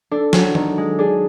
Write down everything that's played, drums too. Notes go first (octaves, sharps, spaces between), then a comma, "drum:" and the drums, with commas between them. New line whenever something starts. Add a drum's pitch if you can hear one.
D4 A4
F#3, drum: snare
D#3, drum: tom D#3
G#3
D4 G#4